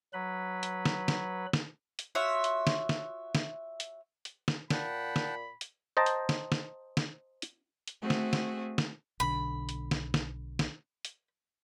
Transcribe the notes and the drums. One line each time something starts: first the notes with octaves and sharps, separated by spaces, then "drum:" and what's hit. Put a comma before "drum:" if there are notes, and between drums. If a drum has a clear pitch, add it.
F#3 B4 B5
drum: hi-hat
drum: snare
drum: snare
drum: snare
drum: hi-hat
F4 F#4 C#5 E5
drum: hi-hat
drum: snare
drum: snare
drum: snare
drum: hi-hat
drum: hi-hat
drum: snare
A#2 F#5 G5 A5 B5, drum: snare
drum: snare
drum: hi-hat
C5 D#5 G5 A5 A#5
drum: hi-hat
drum: snare
drum: snare
drum: snare
drum: hi-hat
drum: hi-hat
A3 C4 F#4 G#4
drum: snare
drum: snare
drum: snare
B1 D3 B5
drum: hi-hat
drum: snare
drum: snare
drum: snare
drum: hi-hat